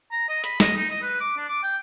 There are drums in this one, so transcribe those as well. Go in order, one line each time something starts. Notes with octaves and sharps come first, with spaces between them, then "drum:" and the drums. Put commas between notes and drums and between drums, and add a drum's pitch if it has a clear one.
A#5
D#5
B5, drum: hi-hat
D#5, drum: snare
D#4
D#5
B4
D6
D4
D6
G5